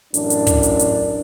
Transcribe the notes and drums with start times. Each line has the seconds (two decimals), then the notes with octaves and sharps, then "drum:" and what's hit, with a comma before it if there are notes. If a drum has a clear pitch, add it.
0.14 A1 F#2 D4, drum: hi-hat
0.30 drum: hi-hat
0.47 drum: kick, hi-hat
0.63 drum: hi-hat
0.79 drum: hi-hat